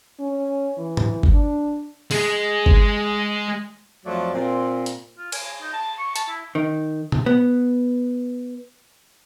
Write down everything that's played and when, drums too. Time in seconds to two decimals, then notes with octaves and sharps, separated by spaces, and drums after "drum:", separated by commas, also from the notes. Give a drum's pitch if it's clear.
0.19 C#4
0.78 E3
0.97 drum: tom A2
1.23 drum: kick G1
1.34 D4
2.11 G#3 G#4, drum: open hi-hat
2.66 drum: kick G1
4.06 F2 F3 F#3 A3 D5
4.34 A#2 C4
4.86 drum: hi-hat
5.18 F4
5.32 G#5, drum: cymbal
5.62 D#4
5.73 A5
5.98 C#6
6.16 A5, drum: hi-hat
6.29 E4
6.55 D#3
7.12 drum: tom B2
7.26 B3